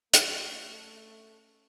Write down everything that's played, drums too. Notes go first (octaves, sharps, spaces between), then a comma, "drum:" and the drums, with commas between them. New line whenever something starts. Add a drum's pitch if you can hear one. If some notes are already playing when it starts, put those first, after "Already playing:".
A3 C#4, drum: hi-hat